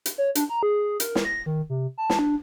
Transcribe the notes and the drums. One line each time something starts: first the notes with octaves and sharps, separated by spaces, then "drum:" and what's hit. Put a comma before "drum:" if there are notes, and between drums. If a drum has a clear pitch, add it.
drum: hi-hat
C#5
D4, drum: hi-hat
A#5
G#4
A#4, drum: hi-hat
drum: snare
A#6
D#3
C3
A5
drum: snare
D4